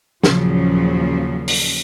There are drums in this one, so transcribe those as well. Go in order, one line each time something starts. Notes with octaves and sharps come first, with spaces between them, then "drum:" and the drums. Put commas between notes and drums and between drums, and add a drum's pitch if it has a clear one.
D#2 A#2 C#3 F3 F#3, drum: snare
drum: open hi-hat